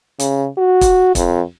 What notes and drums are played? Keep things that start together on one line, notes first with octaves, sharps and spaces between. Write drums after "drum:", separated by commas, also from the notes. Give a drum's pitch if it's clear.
C#3, drum: hi-hat
F#4
drum: kick, hi-hat
F2, drum: kick, hi-hat